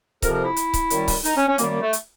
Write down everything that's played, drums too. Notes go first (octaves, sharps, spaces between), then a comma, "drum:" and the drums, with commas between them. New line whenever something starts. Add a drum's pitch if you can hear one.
F2 C3 F3 A#4, drum: kick C#1, hi-hat
A#4
E4
drum: hi-hat
drum: kick C#1, hi-hat
F#2 D#3 G3, drum: hi-hat
drum: kick C#1, open hi-hat
D#4, drum: hi-hat
C#4
C#4
F#2 D#3 G3 A#3, drum: hi-hat
A#3
A3
drum: hi-hat